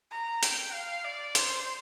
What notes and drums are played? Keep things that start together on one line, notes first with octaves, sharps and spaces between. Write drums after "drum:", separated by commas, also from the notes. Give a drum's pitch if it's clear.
A#5
G5, drum: hi-hat
F5
D5
C5, drum: hi-hat